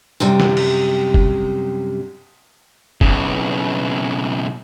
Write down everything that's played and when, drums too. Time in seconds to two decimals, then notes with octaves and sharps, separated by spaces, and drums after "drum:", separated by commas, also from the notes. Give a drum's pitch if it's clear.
0.20 F#2 C3 G3, drum: tambourine
0.40 drum: snare
0.57 drum: cymbal
1.14 drum: kick
3.01 B1 C#3, drum: kick